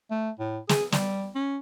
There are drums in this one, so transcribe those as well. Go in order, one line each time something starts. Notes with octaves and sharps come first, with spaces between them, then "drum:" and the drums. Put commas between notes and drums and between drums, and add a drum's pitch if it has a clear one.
A3
A2
G#4, drum: snare
G3, drum: snare
C#4